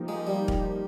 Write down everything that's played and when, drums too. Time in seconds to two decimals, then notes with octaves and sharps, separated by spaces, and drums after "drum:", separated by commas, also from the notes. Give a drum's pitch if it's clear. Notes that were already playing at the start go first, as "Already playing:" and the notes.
Already playing: F3 A#3 D#4 G4
0.08 G#3
0.27 F3 G3 A#3 D#4 G4
0.48 drum: kick E1